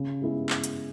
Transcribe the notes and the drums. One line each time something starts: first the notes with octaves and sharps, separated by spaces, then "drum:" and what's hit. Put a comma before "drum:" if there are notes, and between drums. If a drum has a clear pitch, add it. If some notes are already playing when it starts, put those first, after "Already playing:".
Already playing: C#3
G#3 B3 E4 G#4
drum: clap
drum: hi-hat